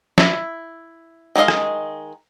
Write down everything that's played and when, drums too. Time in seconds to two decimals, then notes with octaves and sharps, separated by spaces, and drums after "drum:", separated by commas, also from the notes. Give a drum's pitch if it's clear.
0.18 E4, drum: snare
1.36 D#3 G#3 B3 D#5 F5
1.48 drum: rim click